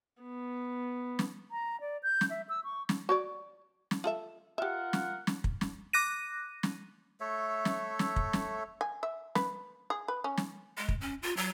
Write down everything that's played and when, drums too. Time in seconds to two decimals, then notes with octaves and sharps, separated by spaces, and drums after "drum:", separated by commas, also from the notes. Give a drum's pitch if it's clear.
0.22 B3
1.19 drum: snare
1.51 A#5
1.81 D5
2.03 G6
2.21 drum: snare
2.30 E5
2.49 E6
2.64 C#6
2.89 drum: snare
3.09 F#4 C#5 D5
3.91 drum: snare
4.04 F4 A4 E5
4.58 F4 G4 A#4 E5 F#5
4.93 drum: snare
5.27 drum: snare
5.44 drum: kick
5.61 drum: snare
5.93 D6 F#6 A#6 D#7
6.63 drum: snare
7.20 A3 A4 C#5 E5
7.65 drum: snare
7.99 drum: snare
8.16 drum: kick
8.33 drum: snare
8.81 G#5
9.03 E5
9.35 B4, drum: snare
9.90 G#4
10.08 B4
10.24 C#4
10.37 drum: snare
10.77 G#3
10.89 drum: kick
11.01 C#4
11.23 F4
11.37 F#3